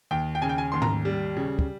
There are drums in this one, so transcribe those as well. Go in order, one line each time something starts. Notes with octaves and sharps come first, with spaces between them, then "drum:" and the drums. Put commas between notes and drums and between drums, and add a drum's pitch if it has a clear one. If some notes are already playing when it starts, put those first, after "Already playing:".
D#2 G5
G5
C#3 G#5
G5
G#5
D#2 C6
A#5, drum: tom G#2
G3
C#3
drum: kick